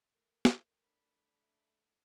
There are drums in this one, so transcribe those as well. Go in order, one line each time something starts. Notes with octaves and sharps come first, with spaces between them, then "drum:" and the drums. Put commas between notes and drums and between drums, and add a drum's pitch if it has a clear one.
A3 A#4
drum: snare
D4 B5
E5